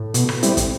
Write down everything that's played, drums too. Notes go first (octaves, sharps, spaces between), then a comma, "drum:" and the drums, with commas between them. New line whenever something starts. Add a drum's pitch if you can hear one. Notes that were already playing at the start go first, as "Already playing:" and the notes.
Already playing: A2
B2, drum: hi-hat
drum: rim click
G3 C4 E4, drum: hi-hat
drum: kick, hi-hat